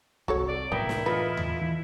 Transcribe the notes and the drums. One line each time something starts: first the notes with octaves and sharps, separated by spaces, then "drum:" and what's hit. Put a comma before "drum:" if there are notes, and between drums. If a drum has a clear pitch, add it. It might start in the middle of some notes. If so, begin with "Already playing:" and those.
C2 F#4 A4 C#5
D5
A2 E3 B3 E4 A#4 G5
drum: snare
F4 A4 B4 D#5
drum: tom D#2
E3